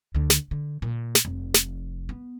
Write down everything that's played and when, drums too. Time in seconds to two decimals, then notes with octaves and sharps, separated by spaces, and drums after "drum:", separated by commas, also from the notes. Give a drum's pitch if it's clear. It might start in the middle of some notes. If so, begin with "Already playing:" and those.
0.15 D2 D3
0.30 drum: snare
0.51 D3
0.82 A#2
1.15 drum: snare
1.25 F1
1.54 drum: snare
2.09 B3